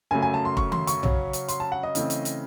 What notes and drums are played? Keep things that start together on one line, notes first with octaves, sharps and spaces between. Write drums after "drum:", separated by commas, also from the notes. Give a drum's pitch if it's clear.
F#2 C#3 F#3 A3 G#5
G#5
A5
C6
C#6, drum: kick F1
C6, drum: tom D#3
C#6, drum: hi-hat
C#3 F#3 C#4, drum: tom B1
drum: hi-hat
C6, drum: hi-hat
A5
F#5
D#5
C#3 E3 A3 C4, drum: hi-hat
drum: hi-hat
drum: hi-hat